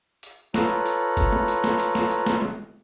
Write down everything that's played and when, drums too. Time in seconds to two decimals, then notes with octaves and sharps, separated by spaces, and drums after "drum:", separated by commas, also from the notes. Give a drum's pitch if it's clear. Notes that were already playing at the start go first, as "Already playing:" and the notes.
0.23 drum: hi-hat
0.54 F4 A4 B4 C#5 A#5, drum: snare
0.86 drum: hi-hat
1.17 drum: kick, hi-hat
1.33 drum: tom G#3
1.48 drum: hi-hat
1.64 drum: snare
1.80 drum: hi-hat
1.95 drum: snare
2.11 drum: hi-hat
2.26 drum: snare
2.42 drum: tom G#3